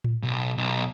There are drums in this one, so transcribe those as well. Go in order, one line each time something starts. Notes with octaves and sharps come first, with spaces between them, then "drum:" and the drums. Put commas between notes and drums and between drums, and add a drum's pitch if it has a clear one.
drum: tom A2
B1
B1